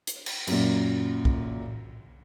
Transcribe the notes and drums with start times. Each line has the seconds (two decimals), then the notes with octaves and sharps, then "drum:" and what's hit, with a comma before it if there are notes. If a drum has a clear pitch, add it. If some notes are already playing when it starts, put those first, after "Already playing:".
0.07 drum: hi-hat
0.26 drum: cymbal
0.47 F#2 A#2, drum: cymbal
1.25 drum: kick B1